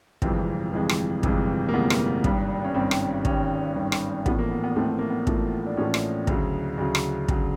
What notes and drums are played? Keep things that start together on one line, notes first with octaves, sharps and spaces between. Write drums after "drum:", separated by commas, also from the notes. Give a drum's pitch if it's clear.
G1 F2 C3 E3 G#3 C4, drum: kick
G1 F2 C3 E3 G#3
drum: rim click
G1 F2 C3 E3 G#3, drum: kick
A#3
G1 F2 C3 E3 G#3 B3
drum: rim click
G#1 G2 D#3 G3, drum: kick
C#4
G#1 G2 D#3 G3 C4
drum: rim click
G#1 G2 D#3 G3 C#4, drum: kick
G#1 G2 D#3 G3
drum: rim click
A1 A2 F3 A3 B3, drum: kick
A#3
B3
B3
A1 A2 F3 A3 C4
B3
A#3
B3
A1 A2 F3 A3, drum: kick
D4
A1 A2 F3 A3 C#4
drum: rim click
D2 C#3 F#3, drum: kick
D2 C#3 F#3
drum: rim click
D2 C#3 F#3, drum: kick